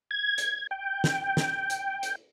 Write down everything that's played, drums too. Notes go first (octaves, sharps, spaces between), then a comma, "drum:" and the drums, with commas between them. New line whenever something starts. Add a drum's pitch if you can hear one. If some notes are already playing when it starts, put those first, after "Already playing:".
G#6
drum: hi-hat
G5
drum: snare
drum: snare
drum: hi-hat
drum: hi-hat